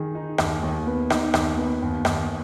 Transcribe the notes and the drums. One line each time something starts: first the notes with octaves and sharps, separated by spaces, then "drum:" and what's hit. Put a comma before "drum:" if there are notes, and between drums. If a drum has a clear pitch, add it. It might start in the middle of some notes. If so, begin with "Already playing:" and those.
Already playing: D#3 G#4
D#4
D#2, drum: rim click
D#2
B3
D#4, drum: rim click
D#2, drum: rim click
B3
D#2
D#2, drum: rim click